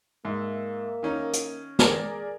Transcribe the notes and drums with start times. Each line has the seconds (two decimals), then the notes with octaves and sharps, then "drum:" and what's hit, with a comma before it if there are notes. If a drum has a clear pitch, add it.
0.25 G#2 A#3 E5
1.03 D#3 C#4 D#4
1.33 drum: hi-hat
1.79 G#4 A#4 D5, drum: snare